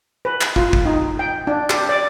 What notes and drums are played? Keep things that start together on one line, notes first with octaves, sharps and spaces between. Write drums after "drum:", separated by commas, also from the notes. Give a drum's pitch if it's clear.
B4
drum: clap
F4, drum: kick
drum: kick
D#4
G5
D4
G4, drum: clap
D5